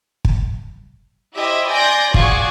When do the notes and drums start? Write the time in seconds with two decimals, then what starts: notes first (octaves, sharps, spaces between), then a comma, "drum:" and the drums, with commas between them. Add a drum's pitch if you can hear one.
0.25 drum: kick
1.36 E4 G4 C5 D#5 E5
1.68 D5 G#5 C6 G6 A#6
2.14 F4 F#4 G#4 D5 C#6, drum: kick